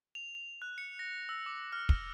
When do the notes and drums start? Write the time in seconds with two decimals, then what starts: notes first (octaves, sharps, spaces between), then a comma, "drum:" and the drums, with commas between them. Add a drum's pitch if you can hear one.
0.15 F7
0.35 F7
0.62 F#6
0.78 C#7
0.99 A#6
1.29 E6
1.46 D6
1.72 F6
1.89 drum: kick